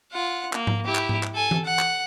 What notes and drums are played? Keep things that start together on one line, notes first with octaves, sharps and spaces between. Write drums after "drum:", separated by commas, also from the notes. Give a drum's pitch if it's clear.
F4 F#5
A#3, drum: clap
drum: tom G#2
E4 G4
drum: clap
drum: tom G#2
drum: clap
A4 G#5
drum: tom E3
F#5
drum: clap